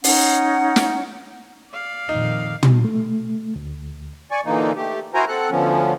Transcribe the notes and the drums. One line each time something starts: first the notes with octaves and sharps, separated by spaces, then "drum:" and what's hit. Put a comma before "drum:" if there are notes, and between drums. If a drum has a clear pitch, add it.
C#4 D#4 F#5, drum: open hi-hat
drum: snare
D5 F5
F2 A#2 D#3 D#4
drum: tom
A3
D2
D5 G#5 C#6
A#2 D3 E3 A#3 D#4
A3 G4
E4 F#4 A#4 C5 G#5 A#5
C4 A4 F#5 F#6
D2 D3 F3 B3 C#4